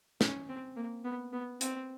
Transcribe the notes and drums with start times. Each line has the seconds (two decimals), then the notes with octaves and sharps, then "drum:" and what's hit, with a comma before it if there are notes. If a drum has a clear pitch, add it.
0.21 C#4, drum: snare
0.49 C4
0.76 A#3
1.05 B3
1.33 B3
1.61 C4, drum: hi-hat